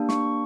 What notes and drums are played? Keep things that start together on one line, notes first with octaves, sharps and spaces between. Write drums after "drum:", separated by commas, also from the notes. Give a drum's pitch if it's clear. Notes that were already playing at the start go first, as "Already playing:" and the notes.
Already playing: A#3 D4 G4
C#6, drum: snare